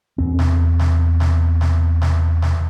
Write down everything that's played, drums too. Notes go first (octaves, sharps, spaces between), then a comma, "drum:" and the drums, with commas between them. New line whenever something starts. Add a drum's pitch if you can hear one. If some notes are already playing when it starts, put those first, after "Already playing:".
E2 C4
drum: snare
drum: snare
drum: snare
drum: snare
drum: snare
drum: snare